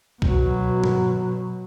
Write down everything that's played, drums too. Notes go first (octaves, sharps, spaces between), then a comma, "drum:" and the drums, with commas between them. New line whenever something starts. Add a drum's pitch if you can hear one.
B2 F#3, drum: kick
drum: tom